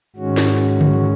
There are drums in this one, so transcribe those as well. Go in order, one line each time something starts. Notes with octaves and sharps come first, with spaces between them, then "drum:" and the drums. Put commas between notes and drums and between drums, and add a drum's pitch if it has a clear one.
G#2 D#3 G#3 C#4 F#4
drum: snare
drum: tom C#3